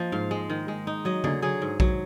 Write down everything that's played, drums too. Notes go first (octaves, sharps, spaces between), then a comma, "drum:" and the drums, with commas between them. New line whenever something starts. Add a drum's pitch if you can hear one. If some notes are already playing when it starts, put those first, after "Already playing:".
Already playing: F3 A#3 D#5
G#2 F5
G#3
D#3
G#3
D#4
F#3 D#5
D3 G#4, drum: tom C#3
F#3 G#4
G#2
F#3, drum: kick A#1